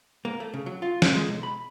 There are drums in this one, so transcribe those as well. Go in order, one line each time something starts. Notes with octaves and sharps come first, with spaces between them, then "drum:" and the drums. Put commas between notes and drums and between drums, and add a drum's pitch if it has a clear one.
A#3
A3
C#3
F#3
F4
drum: snare
G#3
B1
B5